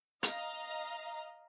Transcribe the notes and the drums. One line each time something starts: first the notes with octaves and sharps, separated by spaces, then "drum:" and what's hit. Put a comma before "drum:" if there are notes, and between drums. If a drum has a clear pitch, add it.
D#5 F5 A#5, drum: hi-hat